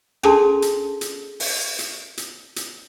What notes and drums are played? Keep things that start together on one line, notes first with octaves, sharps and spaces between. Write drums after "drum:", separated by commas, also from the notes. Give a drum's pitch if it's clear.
C#4 D4 G#4 A4 A5 C6, drum: rim click
drum: hi-hat
drum: hi-hat
drum: open hi-hat
drum: hi-hat
drum: hi-hat
drum: hi-hat